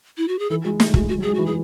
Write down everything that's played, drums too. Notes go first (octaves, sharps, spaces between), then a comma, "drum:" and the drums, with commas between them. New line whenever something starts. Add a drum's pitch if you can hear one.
E4
F#4
G#4
E3 A4
G#3 F#4
A3 G#4, drum: snare
G#3 F#4, drum: kick
G#3 F#4
F#3
G#4
G#3
E3 F#4
E3 G#4